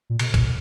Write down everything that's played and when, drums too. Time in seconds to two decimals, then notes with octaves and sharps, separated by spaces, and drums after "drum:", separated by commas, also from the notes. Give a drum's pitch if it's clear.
0.10 A#2
0.19 B2, drum: cymbal
0.34 A#2, drum: kick, cymbal